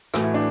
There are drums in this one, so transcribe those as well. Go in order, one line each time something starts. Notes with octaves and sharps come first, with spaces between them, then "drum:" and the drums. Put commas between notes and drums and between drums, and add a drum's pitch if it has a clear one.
A2 E3 A3 F#4, drum: rim click
E4
D4